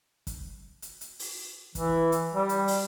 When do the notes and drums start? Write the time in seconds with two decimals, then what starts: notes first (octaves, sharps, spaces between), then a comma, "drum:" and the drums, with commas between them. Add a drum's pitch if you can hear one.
0.27 drum: kick, hi-hat
0.82 drum: hi-hat
1.01 drum: hi-hat
1.19 drum: open hi-hat
1.75 E3, drum: kick, hi-hat
2.12 drum: hi-hat
2.34 G3
2.49 drum: hi-hat
2.68 drum: open hi-hat